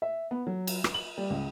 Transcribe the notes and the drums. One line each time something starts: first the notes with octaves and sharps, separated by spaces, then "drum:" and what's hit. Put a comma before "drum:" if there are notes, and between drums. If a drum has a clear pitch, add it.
E5
B3
F#3
drum: cymbal
drum: rim click
F#7
G3
C#2